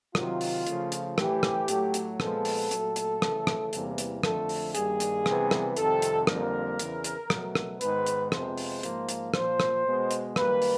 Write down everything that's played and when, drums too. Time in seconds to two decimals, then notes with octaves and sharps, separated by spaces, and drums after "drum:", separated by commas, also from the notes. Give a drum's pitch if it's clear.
0.15 C3 D#3 F#3 F4, drum: rim click
0.41 drum: open hi-hat
0.67 C#3 F3 A3, drum: hi-hat
0.92 drum: hi-hat
1.18 A2 E3 A3 G4, drum: rim click
1.43 drum: rim click
1.68 A2 F#3 A3, drum: hi-hat
1.94 drum: hi-hat
2.20 A#2 F3 G#3 B3 A4, drum: rim click
2.45 drum: open hi-hat
2.71 A#2 F#3 A3, drum: hi-hat
2.96 drum: hi-hat
3.22 C#3 E3 A3, drum: rim click
3.47 drum: rim click
3.73 E2 C3 E3 G3 A#3, drum: hi-hat
3.98 drum: hi-hat
4.23 F2 D3 F3 A3 A4, drum: rim click
4.49 drum: open hi-hat
4.75 G2 D#3 G3 A#3 G#4, drum: hi-hat
5.00 drum: hi-hat
5.26 C3 E3 G3 B3, drum: rim click
5.51 drum: rim click
5.77 F2 C3 D#3 G3 A4, drum: hi-hat
6.02 drum: hi-hat
6.27 F2 D3 G3 A#3 A#4, drum: rim click
6.79 E2 C#3 E3, drum: hi-hat
7.04 drum: hi-hat
7.30 B2 F#3 A3, drum: rim click
7.55 drum: rim click
7.81 G#2 D#3 G#3 B3 B4, drum: hi-hat
8.06 drum: hi-hat
8.32 F2 C3 F3 G#3 B3 C5, drum: rim click
8.58 drum: open hi-hat
8.83 G#2 F3 A#3, drum: hi-hat
9.09 drum: hi-hat
9.34 A#2 F3 A#3 C5, drum: rim click
9.60 drum: rim click
9.85 B2 G#3 B3
10.11 drum: hi-hat
10.36 F#2 D#3 G3 A#3 B4, drum: rim click
10.62 drum: open hi-hat